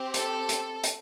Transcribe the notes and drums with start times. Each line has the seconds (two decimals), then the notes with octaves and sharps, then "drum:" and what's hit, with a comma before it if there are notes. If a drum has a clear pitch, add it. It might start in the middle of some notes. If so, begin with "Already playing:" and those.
Already playing: C4 G4
0.14 A4, drum: hi-hat
0.49 drum: hi-hat
0.84 drum: hi-hat